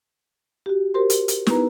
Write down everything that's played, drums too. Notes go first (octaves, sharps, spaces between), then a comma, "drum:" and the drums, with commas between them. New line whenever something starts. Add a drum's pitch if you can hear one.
F#4 G4
F#4 G4 A#4 C5 C6
drum: hi-hat
drum: hi-hat
B3 D#4 E4 B4 A#5, drum: snare